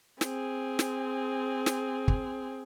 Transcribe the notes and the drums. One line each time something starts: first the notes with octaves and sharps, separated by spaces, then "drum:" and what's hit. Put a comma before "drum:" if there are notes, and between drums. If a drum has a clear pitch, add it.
C4 G#4, drum: snare
drum: snare
drum: snare
drum: kick